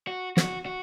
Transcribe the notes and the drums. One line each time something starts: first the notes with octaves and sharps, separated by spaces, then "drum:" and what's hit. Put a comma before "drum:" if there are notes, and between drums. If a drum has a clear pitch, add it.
F#4
F#4, drum: snare
F#4